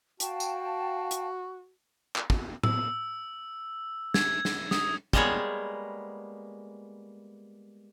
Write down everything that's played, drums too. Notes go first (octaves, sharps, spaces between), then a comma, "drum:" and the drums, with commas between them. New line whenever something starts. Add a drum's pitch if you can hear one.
F#4 F5 G5 A5, drum: hi-hat
drum: tambourine
drum: hi-hat
drum: clap
drum: kick
E6, drum: tom A2
G#6, drum: snare
drum: snare
D#6, drum: snare
G3 G#3 A#3 B3 G#4 C#5, drum: kick